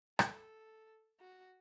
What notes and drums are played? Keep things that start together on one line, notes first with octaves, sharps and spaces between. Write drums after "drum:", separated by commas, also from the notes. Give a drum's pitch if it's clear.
A4, drum: rim click
F#4